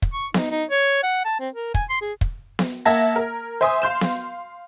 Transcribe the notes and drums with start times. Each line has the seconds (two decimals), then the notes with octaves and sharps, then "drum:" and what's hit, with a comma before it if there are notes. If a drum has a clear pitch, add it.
0.02 drum: kick
0.13 C#6
0.34 D#4, drum: snare B3
0.51 D#4
0.70 C#5
1.03 F#5
1.25 A5
1.40 C4
1.55 A#4
1.74 G#5, drum: kick
1.90 C6
2.01 G#4
2.21 drum: kick
2.59 drum: snare B3
2.85 A#3 E5 F#5 A5 G#6 A#6
3.16 A#4
3.61 C5 E5 G#5 C6 D#6
3.82 F5 C6 G6 E7
4.01 drum: snare B3